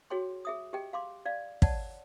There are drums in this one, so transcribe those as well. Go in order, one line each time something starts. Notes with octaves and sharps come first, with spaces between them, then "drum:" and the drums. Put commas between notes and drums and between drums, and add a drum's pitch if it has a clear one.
F#4 G#4 C#5 G5 C6
G#4 E5 D#6
G4 G#4 D#5 G5
F5 C6 D6
D5 F5
C#5 D5 F#5 A5, drum: kick